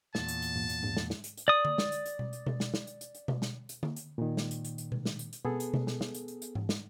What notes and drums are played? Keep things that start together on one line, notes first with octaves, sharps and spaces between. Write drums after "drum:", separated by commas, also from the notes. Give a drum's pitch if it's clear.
E2 A#2 A5, drum: snare
drum: hi-hat
drum: hi-hat
drum: tom G#2
drum: hi-hat
drum: tom G#2
drum: snare
drum: snare
drum: hi-hat
drum: hi-hat
D5 D#6
drum: tom D3
drum: snare
drum: hi-hat
drum: hi-hat
drum: tom B2
drum: hi-hat
drum: tom B2
drum: snare
drum: snare
drum: hi-hat
drum: hi-hat
drum: hi-hat
drum: tom B2
drum: snare
drum: hi-hat
drum: tom D3
drum: hi-hat
A#2 D#3
drum: snare
drum: hi-hat
drum: hi-hat
drum: hi-hat
drum: tom B2
drum: snare
drum: hi-hat
drum: hi-hat
B3 G#4 A4, drum: tom B2
drum: hi-hat
drum: tom B2
drum: snare
drum: snare
drum: hi-hat
drum: hi-hat
drum: hi-hat
drum: tom G#2
drum: snare